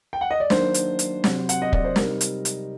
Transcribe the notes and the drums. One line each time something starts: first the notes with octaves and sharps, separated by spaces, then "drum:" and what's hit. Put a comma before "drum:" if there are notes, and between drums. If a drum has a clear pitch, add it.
G5
F#5
D#5
D5
D#3 F#3 A#3 D4 C5, drum: snare
drum: hi-hat
drum: hi-hat
C3 F#3 C4, drum: snare
F#5, drum: hi-hat
D#5
D5, drum: kick
C5
C3 G3 C4 D#4 A#4, drum: snare
drum: hi-hat
drum: hi-hat